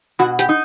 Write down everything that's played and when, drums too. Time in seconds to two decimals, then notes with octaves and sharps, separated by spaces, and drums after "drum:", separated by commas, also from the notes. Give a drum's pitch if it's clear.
0.19 B2 F#4
0.39 G4, drum: hi-hat
0.49 D#4